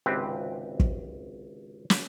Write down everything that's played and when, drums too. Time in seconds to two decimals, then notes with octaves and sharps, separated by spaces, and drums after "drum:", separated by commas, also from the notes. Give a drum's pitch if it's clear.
0.06 G#1 C#2 C3 C4 G4 B4
0.80 drum: kick
1.90 drum: snare